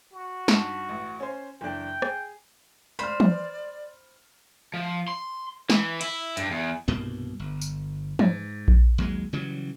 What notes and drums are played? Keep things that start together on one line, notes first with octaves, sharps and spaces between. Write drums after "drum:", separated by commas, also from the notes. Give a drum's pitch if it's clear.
F#4
G2 D#4 A5, drum: snare
A1
C#4 C5
F#1 E3 D4 G5
G#4, drum: rim click
C5 D5 B5 C6 F6
drum: tom
F3
C6
E3, drum: snare
E4, drum: cymbal
G2, drum: hi-hat
E2
C2 G2 B2 A#3
G1
drum: tambourine
G#2, drum: tom
drum: kick A#1
D#2 F#3 G#3
C#3 E3 F#3 G3